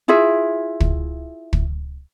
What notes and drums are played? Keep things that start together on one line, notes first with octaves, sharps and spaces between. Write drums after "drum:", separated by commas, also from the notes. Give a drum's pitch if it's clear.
E4 F4 G#4 E5
drum: kick
drum: kick